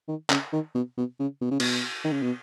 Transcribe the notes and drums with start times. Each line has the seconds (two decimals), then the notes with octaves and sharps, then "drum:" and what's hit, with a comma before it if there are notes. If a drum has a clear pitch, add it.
0.08 D#3
0.30 C#3, drum: clap
0.53 D#3
0.75 B2
0.97 B2
1.20 C#3
1.41 B2
1.51 C#3
1.60 B2, drum: cymbal
2.04 D#3
2.12 C#3
2.22 B2